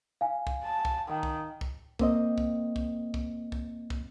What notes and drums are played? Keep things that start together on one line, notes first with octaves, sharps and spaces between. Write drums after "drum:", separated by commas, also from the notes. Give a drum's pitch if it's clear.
F5 G#5
drum: kick
A5
drum: kick
D#3
drum: kick
drum: kick
A#3 C4 D#5, drum: kick
drum: kick
drum: kick
drum: kick
drum: kick
drum: kick